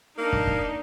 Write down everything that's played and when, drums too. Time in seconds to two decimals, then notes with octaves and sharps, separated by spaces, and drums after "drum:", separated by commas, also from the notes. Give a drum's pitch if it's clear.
0.18 A#3 D4 D#4
0.33 drum: kick
0.47 drum: kick